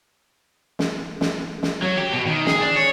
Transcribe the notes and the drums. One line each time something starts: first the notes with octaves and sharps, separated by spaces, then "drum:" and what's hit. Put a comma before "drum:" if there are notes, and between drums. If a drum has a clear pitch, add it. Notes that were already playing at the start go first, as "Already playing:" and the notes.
drum: snare
drum: snare
drum: snare
F#3
G4
B2
D#3
G#4, drum: snare
D4
C#5